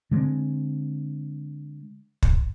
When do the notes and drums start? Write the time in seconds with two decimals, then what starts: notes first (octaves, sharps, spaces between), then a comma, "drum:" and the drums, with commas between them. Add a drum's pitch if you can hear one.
0.11 D3 G#3 A3 C4
2.23 drum: kick